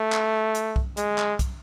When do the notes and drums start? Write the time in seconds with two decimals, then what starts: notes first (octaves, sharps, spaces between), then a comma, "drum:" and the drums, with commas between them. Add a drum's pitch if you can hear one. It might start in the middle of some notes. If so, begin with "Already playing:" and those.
Already playing: A3
0.12 drum: clap
0.55 drum: hi-hat
0.76 drum: kick
0.97 G#3, drum: hi-hat
1.18 drum: clap
1.39 drum: kick, hi-hat